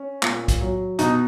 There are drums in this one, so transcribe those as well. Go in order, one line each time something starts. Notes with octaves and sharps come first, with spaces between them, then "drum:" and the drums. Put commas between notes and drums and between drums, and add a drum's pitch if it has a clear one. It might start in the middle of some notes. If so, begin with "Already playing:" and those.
Already playing: C#4
A#2, drum: clap
drum: kick B1, hi-hat
F#3
B2 D#4, drum: hi-hat